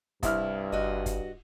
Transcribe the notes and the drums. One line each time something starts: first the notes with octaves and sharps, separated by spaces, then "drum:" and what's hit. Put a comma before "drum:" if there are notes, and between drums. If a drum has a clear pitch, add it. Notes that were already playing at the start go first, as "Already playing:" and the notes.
C2 G2 E4 F6, drum: kick, hi-hat
G1 F#4 D#5
drum: kick, hi-hat